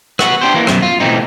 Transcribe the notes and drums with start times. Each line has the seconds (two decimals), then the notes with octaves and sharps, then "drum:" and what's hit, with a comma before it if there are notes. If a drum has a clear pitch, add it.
0.19 B3 F#4, drum: rim click
0.41 D4 G4 C5
0.54 E3 A#3
0.67 F#2 B2, drum: rim click
0.82 F4
1.00 B2 E3 A3 C4 D#4